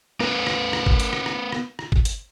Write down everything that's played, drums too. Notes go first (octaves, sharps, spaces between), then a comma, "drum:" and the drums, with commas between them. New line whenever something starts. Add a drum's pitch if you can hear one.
B3 A#4 B4, drum: rim click
drum: rim click
drum: rim click
drum: kick
drum: hi-hat
drum: rim click
drum: rim click
drum: rim click
drum: rim click
drum: kick
drum: hi-hat